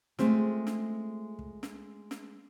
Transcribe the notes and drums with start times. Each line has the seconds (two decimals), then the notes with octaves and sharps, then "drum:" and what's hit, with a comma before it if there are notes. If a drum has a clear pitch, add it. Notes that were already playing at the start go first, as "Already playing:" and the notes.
0.19 G#3 A3 C4 F4, drum: snare
0.67 drum: snare
1.39 drum: kick
1.63 drum: snare
2.11 drum: snare